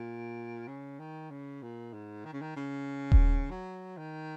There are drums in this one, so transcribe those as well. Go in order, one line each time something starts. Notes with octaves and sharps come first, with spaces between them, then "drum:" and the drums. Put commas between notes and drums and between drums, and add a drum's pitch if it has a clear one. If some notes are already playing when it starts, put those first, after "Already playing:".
Already playing: A#2
C#3
D#3
C#3
A#2
G#2
D#3
C#3
D#3
C#3
drum: kick D#1
F#3
D#3